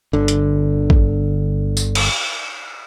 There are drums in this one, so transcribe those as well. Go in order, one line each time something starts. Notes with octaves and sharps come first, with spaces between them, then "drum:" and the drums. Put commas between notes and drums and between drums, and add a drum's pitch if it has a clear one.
G1 D3
drum: hi-hat
drum: kick
drum: tambourine
drum: cymbal